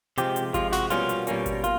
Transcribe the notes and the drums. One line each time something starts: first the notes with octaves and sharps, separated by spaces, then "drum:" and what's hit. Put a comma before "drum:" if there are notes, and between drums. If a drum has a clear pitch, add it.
C3 F3 G#3 G4, drum: hi-hat
drum: hi-hat
C3 F3 G#3 F4, drum: kick G#1, hi-hat
F#4, drum: snare
B2 G3 A#3 C#4 F4, drum: hi-hat
drum: hi-hat
B2 G3 A#3 C#4, drum: hi-hat
drum: kick G#1, hi-hat
F4, drum: hi-hat